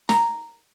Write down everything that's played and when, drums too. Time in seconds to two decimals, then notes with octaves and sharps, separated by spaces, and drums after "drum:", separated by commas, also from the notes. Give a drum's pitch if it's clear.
0.09 A#5, drum: snare